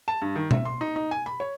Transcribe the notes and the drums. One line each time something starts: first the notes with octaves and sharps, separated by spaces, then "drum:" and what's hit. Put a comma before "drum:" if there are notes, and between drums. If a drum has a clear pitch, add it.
A5
G2
D#3
E5, drum: tom B2
C6
D#4
D#4
G#5
B5
C#5